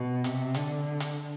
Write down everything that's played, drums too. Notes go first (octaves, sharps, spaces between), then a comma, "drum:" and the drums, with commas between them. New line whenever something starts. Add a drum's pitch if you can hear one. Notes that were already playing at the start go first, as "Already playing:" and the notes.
Already playing: B2
C3, drum: hi-hat
D3, drum: hi-hat
drum: hi-hat